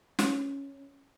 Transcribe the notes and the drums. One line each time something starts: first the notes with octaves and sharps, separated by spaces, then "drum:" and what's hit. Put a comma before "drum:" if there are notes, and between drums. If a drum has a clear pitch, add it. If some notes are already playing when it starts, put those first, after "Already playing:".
C#4, drum: snare